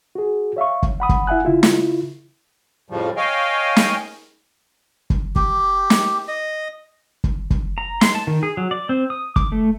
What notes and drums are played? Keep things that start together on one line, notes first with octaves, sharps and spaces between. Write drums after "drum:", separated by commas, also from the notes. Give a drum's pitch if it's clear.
F#4 G#4
C#5 E5 F5 C#6
drum: kick
F#5 B5 D#6
drum: kick
E4 E5 F#5 G#5 F#6
C#3 E4 F4
drum: snare
F2 A2 C#3 F3 G3
C#5 D#5 F5 G5 G#5
drum: snare
drum: kick
G4, drum: kick
drum: snare
D#5
drum: kick
drum: kick
A#5
C6, drum: snare
A5
D#3
G#4
F#3
D5
C4
D#6
D6, drum: kick
A3